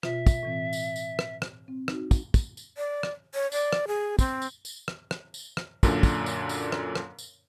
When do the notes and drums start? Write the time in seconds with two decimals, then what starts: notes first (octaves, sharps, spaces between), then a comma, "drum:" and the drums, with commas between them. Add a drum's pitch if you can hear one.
0.03 B2 F4 E5, drum: rim click
0.27 drum: kick, tambourine
0.43 A2 E3 C4
0.73 drum: tambourine
0.96 drum: tambourine
1.19 drum: rim click
1.42 drum: rim click
1.68 C4
1.88 D#4 F#4, drum: rim click
2.11 drum: kick, tambourine
2.34 drum: kick, tambourine
2.57 drum: tambourine
2.76 D5
3.03 drum: rim click
3.34 C#5
3.52 D5, drum: tambourine
3.73 drum: rim click
3.87 G#4
4.19 C4, drum: kick, tambourine
4.42 drum: tambourine
4.65 drum: tambourine
4.88 drum: rim click
5.11 drum: rim click
5.34 drum: tambourine
5.57 drum: rim click
5.83 F#2 A#2 D3 D4, drum: kick, tambourine
6.03 drum: kick, tambourine
6.26 drum: tambourine
6.49 drum: tambourine
6.72 drum: rim click
6.95 drum: rim click
7.19 drum: tambourine